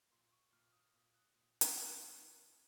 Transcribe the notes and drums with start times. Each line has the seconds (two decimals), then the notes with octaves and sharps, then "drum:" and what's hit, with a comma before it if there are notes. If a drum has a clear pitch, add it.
0.12 A#2 C6
0.32 C#6
0.52 A#2 F6
0.72 D#6
0.94 A#2 D#6
1.14 F#6
1.35 A#2
1.61 drum: hi-hat
1.76 A#2 F#6
1.96 F6
2.17 A#2 F6